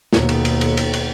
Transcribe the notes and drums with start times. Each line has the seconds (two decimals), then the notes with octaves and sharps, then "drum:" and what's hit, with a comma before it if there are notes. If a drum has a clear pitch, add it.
0.13 D#2 B2, drum: snare
0.29 drum: cymbal
0.45 drum: cymbal
0.61 drum: cymbal
0.77 drum: cymbal
0.93 drum: cymbal